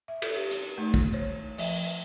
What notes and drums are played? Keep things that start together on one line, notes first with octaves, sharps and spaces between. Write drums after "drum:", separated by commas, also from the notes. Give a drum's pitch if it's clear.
E5
A4, drum: cymbal
G4
drum: hi-hat
A3 D#4
drum: kick
C5 C#5
F3 E5, drum: open hi-hat